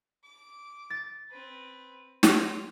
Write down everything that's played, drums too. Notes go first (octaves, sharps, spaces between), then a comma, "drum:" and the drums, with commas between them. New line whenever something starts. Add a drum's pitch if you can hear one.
D6
A6
C4 B4
F4, drum: snare